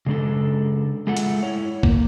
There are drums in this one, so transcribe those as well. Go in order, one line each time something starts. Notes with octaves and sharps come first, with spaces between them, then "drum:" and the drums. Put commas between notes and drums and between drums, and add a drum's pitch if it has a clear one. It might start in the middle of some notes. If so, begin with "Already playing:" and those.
C#3 G#3 D4 A4
G#3 A3 F4 F#5
drum: hi-hat
E4 C#5
A#3, drum: kick A#1